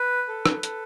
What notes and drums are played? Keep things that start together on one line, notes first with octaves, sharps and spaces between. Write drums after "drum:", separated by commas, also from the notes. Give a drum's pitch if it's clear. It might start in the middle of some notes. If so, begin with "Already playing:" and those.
Already playing: B4
A4
drum: rim click
A4, drum: hi-hat